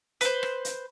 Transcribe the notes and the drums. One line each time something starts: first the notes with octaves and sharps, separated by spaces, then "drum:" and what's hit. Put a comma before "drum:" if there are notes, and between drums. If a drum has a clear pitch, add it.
B4 C5, drum: hi-hat
drum: rim click
drum: hi-hat